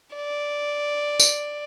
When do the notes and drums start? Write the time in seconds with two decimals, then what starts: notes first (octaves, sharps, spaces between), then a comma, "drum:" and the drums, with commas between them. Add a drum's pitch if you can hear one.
0.16 D5
1.20 drum: tambourine